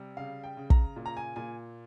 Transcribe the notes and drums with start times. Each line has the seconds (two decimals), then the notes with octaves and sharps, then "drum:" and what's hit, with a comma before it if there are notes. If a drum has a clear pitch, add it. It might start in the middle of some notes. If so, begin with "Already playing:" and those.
Already playing: C3 G3
0.17 C#3 F5
0.44 G5
0.57 C#3
0.70 A#5, drum: kick
0.96 A#2
1.06 A#5
1.17 G#5
1.36 A#2 G#5